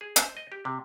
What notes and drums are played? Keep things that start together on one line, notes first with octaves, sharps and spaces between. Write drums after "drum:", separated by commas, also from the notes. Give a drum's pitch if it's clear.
G#4
C5, drum: hi-hat
D#5
G4
C3